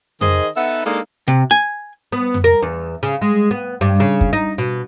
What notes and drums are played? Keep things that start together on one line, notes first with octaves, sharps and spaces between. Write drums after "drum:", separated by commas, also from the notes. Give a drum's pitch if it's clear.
D#3 G#4 C5 D#5, drum: tom F2
B3 D#4 A4 B4 E5 F#5
G#3 A#3 D4 D#4 A4 F5
C3
G#5
B3
drum: tom F2
A#4
E2
C#3
G#3
B3
G2
C#3
drum: kick
D#4
B2